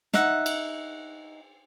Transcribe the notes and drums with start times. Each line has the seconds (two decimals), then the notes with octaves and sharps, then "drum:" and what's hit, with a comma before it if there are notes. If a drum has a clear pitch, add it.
0.13 D#4 E5 F#5, drum: snare
0.46 drum: cymbal